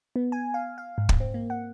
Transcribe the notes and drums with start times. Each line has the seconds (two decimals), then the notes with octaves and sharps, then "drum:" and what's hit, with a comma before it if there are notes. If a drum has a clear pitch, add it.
0.16 B3
0.32 G#5
0.54 F5
0.78 F5
0.98 G#2
1.09 drum: kick
1.20 C4
1.34 A#3
1.50 F#5